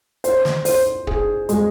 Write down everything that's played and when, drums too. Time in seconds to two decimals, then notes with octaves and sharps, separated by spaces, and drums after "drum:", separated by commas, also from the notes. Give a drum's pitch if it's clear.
0.24 C5, drum: hi-hat
0.45 drum: snare
0.65 C5, drum: open hi-hat
1.07 G#4, drum: kick
1.49 G#3, drum: hi-hat